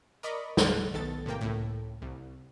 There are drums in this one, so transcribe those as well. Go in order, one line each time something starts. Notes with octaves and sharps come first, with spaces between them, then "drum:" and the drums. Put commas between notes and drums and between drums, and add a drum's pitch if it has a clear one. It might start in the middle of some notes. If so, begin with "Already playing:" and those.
A#4 D5 D#5 B5 C#6 D6
G1 D#2 A2 F6 F#6 A6, drum: snare
B1 D#3 B3 A4 A6
A2 C3 A#3 G5
C#2 A2
C2